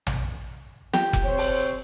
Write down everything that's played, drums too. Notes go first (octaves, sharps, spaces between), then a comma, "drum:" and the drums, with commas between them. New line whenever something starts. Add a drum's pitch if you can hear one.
drum: tom A#1
G4, drum: snare
drum: kick F1
C4 C5 C#5
drum: open hi-hat